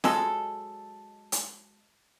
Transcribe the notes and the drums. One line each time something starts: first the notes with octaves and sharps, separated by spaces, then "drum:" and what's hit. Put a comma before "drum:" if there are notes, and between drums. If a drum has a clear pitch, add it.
F#3 G#3 A4, drum: snare
drum: hi-hat